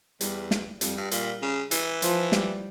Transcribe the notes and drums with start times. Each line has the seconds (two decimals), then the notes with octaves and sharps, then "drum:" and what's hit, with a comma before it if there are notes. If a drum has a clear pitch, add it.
0.21 E2 G3, drum: hi-hat
0.51 drum: snare
0.81 F2 G3, drum: hi-hat
0.97 G2
1.11 A#2, drum: hi-hat
1.42 C#3
1.71 E3, drum: hi-hat
2.02 F3, drum: hi-hat
2.32 G3, drum: snare